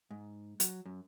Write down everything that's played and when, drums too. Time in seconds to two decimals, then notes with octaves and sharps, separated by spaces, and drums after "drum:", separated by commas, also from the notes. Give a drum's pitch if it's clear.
0.11 G#2
0.60 F#3, drum: hi-hat
0.86 F#2